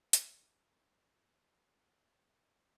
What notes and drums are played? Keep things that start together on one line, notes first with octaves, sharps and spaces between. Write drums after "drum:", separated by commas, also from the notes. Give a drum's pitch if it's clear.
G#3 F5, drum: hi-hat
C4 G4
G#3
C4 G4
G#5
A#3 G5
D#4 G#4
A#3